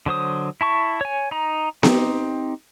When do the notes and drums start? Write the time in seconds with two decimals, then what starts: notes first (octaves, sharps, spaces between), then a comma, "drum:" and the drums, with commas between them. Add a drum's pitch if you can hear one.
0.06 D3 F#3 C5 D#6
0.61 E4 A5 C#6
1.01 C#5 G#5
1.31 D#4 A#5
1.83 C4 D#4 G4, drum: snare B3